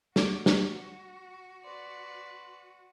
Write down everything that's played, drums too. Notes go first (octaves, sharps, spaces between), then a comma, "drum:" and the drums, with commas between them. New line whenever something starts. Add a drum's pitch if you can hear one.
F#4 D6, drum: snare
drum: snare
B4 D5 C6